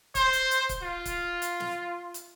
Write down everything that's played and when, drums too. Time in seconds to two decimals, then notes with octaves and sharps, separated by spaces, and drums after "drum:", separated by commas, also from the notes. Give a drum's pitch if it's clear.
0.15 C5, drum: kick, hi-hat
0.33 drum: hi-hat
0.51 drum: hi-hat
0.69 drum: kick, hi-hat
0.82 F4
1.06 drum: kick, hi-hat
1.42 drum: hi-hat
1.60 drum: snare
2.14 drum: hi-hat